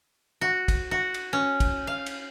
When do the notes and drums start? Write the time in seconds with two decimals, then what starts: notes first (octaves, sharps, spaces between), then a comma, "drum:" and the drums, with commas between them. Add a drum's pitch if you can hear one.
0.41 F#4
0.68 drum: kick, cymbal
0.91 F#4
1.14 drum: cymbal
1.33 C#4
1.60 drum: kick, cymbal
1.87 F5
2.06 drum: cymbal